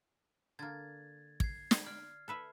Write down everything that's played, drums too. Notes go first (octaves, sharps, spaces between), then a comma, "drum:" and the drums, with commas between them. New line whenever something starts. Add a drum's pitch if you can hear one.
D3 A#3 G#6 A6
G#6 C7, drum: kick
drum: snare
D5 F6
A4 B4 E5